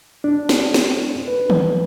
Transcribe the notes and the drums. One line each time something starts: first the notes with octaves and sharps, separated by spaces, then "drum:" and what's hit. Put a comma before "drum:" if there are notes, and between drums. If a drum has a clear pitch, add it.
D4
drum: snare
drum: snare
B4
drum: tom D#3